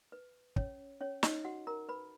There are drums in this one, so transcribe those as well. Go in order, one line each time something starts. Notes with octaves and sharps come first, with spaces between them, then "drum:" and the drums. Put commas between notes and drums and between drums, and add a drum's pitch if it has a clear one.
B4
C#4 C#5, drum: kick
C#4 C#5
D#4 D#5, drum: snare
F#4 F#5
A#4 A#5
B4 B5